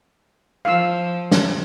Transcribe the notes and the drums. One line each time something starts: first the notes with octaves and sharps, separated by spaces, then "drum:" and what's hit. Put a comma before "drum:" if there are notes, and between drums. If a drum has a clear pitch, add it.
F3 F5 E6
drum: snare